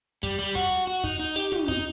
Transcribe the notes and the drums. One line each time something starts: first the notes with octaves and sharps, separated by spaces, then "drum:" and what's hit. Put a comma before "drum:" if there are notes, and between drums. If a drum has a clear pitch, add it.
G3, drum: kick
G3
F#4, drum: kick
F#4
D#4, drum: kick
D#4
G4
drum: tom
D#4, drum: kick